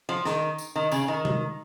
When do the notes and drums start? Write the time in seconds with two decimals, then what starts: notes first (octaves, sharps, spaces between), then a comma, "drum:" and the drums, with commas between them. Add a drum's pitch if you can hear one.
0.09 F3
0.25 D#3, drum: snare
0.58 drum: tambourine
0.75 D#3
0.92 C#3, drum: tambourine
1.08 D#3
1.25 drum: tom C3